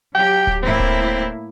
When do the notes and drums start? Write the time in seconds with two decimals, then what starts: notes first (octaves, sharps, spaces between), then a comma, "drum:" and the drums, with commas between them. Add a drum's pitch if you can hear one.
0.15 F#3 G4 G5
0.47 drum: kick D1
0.63 A2 A#3 C4 E4
0.80 drum: kick D1